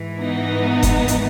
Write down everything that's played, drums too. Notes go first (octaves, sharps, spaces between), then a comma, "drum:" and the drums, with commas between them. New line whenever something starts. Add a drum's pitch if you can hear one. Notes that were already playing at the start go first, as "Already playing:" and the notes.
Already playing: G#2 E3
B3 D#4
drum: kick F#1, hi-hat
drum: hi-hat